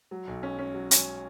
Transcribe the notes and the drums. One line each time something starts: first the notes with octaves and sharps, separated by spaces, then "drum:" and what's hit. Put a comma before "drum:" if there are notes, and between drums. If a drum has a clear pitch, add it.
F#3
B1
C#4
C#4
F#3
C#4, drum: hi-hat